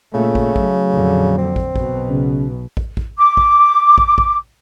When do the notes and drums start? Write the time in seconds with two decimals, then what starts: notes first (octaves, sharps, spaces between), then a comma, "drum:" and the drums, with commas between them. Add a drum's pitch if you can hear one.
0.14 A#2 C#3 A3
0.35 drum: kick
0.56 F#3, drum: kick
0.90 F2 A#2 D3
1.38 C4
1.56 drum: kick
1.76 B1 B2, drum: kick
2.09 C#3
2.77 drum: kick
2.97 drum: kick
3.17 D6
3.37 drum: kick
3.98 drum: kick
4.18 drum: kick